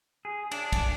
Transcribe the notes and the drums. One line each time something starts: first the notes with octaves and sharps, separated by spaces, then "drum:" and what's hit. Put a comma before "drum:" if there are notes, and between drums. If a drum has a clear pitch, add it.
G#4
D4, drum: cymbal
drum: kick, cymbal